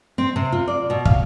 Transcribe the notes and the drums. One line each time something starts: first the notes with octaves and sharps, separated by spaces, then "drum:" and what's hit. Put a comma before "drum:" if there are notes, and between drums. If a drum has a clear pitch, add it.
C4
C3
F4
D5
B2
F5, drum: kick